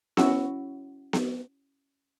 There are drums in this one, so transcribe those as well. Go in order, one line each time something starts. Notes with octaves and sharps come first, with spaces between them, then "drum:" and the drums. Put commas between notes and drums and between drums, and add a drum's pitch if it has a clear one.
C#4 E4 F#4 E6, drum: snare B3
drum: snare B3